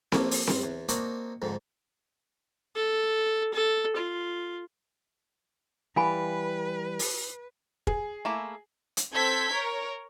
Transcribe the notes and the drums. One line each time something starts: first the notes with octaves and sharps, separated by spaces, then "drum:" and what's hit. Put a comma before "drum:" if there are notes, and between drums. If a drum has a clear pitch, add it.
F3 A#3 C4 D4 A4 C#5, drum: snare C4
drum: open hi-hat
G2 C6, drum: snare C4
E2
A#3 C4 D4 D#4 F#4, drum: hi-hat
F2 G#2 D3
A4
A4
F4
E3 G3 B4 F5 G#5 B5
drum: open hi-hat
G#4, drum: kick
A3 A#3 E4
drum: hi-hat
C4 A4 G6 G#6 B6
A#4 C#5